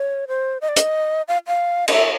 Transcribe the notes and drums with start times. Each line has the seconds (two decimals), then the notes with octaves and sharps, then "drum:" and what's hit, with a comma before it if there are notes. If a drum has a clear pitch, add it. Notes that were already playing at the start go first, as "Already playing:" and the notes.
Already playing: C#5
0.28 C5
0.61 D#5
0.69 D5
0.76 D#5, drum: hi-hat
1.28 F5
1.47 F5
1.88 D#5, drum: cymbal
1.93 E5